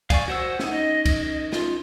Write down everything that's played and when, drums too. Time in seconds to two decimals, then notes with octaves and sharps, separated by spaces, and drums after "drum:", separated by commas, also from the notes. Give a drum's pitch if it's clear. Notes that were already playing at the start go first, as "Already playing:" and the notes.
0.10 D5 F5 G#5 C#6, drum: kick C2, cymbal
0.28 F#4 C5 F#5 E6
0.59 C#4 D#4, drum: snare
0.71 D#5
1.05 drum: kick C2, cymbal
1.52 F4, drum: snare